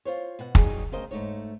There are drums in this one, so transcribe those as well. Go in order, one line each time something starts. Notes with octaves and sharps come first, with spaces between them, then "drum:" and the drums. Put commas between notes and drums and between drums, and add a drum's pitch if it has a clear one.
F4 C5 C#5
B2 F#5
F#3 G3 D#4 G#4, drum: kick
D2 C#3 A#4 C5 D#5
G#2 A3 D#4 C#5